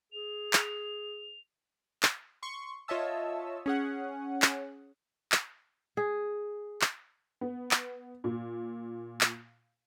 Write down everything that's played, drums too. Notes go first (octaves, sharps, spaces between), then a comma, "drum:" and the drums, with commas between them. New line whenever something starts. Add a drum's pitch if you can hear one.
G#4 F7
drum: clap
drum: clap
C6 C#6
F4 C#5 D#5 E5 A5 E6
C#4 G#4 F#5
drum: clap
drum: clap
G#4
drum: clap
B3
drum: clap
A#2
drum: clap